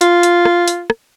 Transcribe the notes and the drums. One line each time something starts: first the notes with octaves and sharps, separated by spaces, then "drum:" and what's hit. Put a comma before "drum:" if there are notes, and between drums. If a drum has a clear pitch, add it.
F4, drum: hi-hat
drum: hi-hat
drum: rim click
drum: hi-hat
drum: rim click